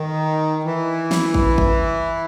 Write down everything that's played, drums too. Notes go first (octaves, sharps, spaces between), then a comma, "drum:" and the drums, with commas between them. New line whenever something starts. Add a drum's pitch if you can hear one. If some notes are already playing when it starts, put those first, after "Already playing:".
Already playing: D#3
E3
drum: snare F3
drum: kick
drum: kick